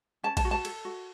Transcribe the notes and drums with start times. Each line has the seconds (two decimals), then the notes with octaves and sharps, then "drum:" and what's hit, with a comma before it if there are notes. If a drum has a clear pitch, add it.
0.23 C#4 A5
0.37 A5, drum: kick A#1, cymbal
0.45 F#4
0.51 A5
0.65 A4, drum: cymbal
0.85 F#4